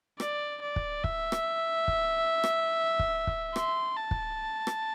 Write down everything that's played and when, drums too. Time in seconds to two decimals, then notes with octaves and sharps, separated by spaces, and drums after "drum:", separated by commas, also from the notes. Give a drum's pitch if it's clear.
0.20 D5, drum: rim click
0.62 D5
0.76 drum: kick
1.04 E5, drum: kick
1.32 drum: rim click
1.88 drum: kick
2.44 drum: rim click
2.99 drum: kick
3.27 drum: kick
3.56 C6, drum: rim click
3.97 A5
4.11 drum: kick
4.67 drum: rim click